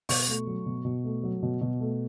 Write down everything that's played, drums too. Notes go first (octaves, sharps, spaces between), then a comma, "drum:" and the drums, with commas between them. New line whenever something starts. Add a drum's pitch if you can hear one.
B2 C#6, drum: open hi-hat
A3
F#3
B2
B2
A3
F#3
B2
B2
A3